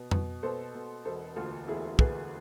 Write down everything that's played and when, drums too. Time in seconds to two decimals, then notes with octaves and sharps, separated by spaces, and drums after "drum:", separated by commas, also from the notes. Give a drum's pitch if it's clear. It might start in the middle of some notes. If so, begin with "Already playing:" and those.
Already playing: B2
0.11 B2, drum: tom F2
0.43 B2 A4 C5
0.75 B2
1.05 E1 A4 C5
1.36 D2 F4 A4
1.67 E1 E4 G#4
1.99 D2 G#4 B4, drum: kick